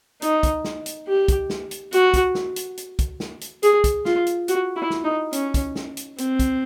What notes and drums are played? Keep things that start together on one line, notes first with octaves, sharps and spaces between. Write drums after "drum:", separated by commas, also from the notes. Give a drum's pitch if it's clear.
D#4, drum: hi-hat
drum: kick, hi-hat
drum: snare
drum: hi-hat
G4
drum: kick, hi-hat
drum: snare
drum: hi-hat
F#4, drum: hi-hat
drum: kick, hi-hat
drum: snare
drum: hi-hat
drum: hi-hat
drum: kick, hi-hat
drum: snare
drum: hi-hat
G#4, drum: hi-hat
drum: kick, hi-hat
F4, drum: snare
drum: hi-hat
F#4, drum: hi-hat
E4
drum: snare
D#4
C#4, drum: hi-hat
drum: kick, hi-hat
drum: snare
drum: hi-hat
C4, drum: hi-hat
drum: kick, hi-hat